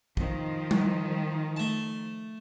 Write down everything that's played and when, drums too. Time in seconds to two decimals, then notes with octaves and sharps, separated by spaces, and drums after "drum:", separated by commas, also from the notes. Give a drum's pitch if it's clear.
0.17 D#3 F3, drum: kick
0.71 drum: tom G3
1.57 A3 A5